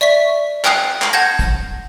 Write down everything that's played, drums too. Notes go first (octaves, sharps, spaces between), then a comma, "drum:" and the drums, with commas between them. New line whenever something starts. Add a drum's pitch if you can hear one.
D5 E5 C#6 B6
G5 G#5 D#6 F#6 C7, drum: clap
drum: clap
F#5 A5 G6 G#6 A#6
drum: kick, hi-hat